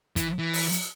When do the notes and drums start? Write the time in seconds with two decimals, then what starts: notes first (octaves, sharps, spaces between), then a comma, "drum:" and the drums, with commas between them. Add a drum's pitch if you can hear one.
0.16 E3, drum: kick, hi-hat
0.39 E3
0.53 drum: open hi-hat
0.72 drum: hi-hat